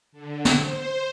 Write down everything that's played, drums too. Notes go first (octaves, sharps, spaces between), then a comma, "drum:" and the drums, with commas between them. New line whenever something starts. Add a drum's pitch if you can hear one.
D3
drum: snare
C5